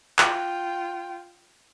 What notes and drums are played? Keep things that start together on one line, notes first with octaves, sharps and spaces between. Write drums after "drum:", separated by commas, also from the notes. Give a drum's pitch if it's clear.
F4 G5, drum: clap